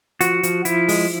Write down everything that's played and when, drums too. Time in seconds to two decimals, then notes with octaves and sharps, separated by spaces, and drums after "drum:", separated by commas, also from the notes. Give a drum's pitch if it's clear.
0.21 F3 F#4, drum: hi-hat
0.43 F3, drum: hi-hat
0.65 F3 E4, drum: hi-hat
0.89 G#3, drum: open hi-hat